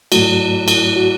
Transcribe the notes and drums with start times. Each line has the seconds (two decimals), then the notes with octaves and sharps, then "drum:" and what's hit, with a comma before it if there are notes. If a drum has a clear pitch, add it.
0.12 G#2 F#3 A3 F#4, drum: cymbal
0.68 drum: cymbal
0.96 F#4